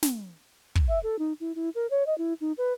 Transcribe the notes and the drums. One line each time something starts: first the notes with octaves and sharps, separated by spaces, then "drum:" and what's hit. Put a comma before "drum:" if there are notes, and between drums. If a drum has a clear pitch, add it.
drum: snare
drum: kick
E5
A4
D#4
E4
E4
A#4
C#5
D#5
E4
D#4
B4